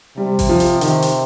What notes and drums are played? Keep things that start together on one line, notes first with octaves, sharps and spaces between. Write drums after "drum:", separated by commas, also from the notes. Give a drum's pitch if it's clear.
C3 G3
drum: kick A1, open hi-hat
F3
drum: hi-hat
D#3, drum: hi-hat
drum: hi-hat